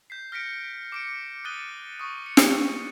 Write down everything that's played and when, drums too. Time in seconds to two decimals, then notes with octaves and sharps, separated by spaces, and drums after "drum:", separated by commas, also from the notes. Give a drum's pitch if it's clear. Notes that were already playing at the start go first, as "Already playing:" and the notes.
0.10 G6 B6 C7
0.32 F6 A#6 B6 C#7 D7
0.92 D6 C#7 D7
1.45 D#6 F#6 A6 C#7 D#7 G7
2.00 C#6 D#6
2.26 C#7
2.37 drum: snare